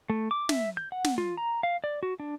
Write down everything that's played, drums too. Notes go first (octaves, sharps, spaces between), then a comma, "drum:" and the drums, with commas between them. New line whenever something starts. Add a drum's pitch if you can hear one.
A3
D6
E5, drum: snare
G6
F#5
drum: snare
F4
A#5
F5
D5
F#4
D4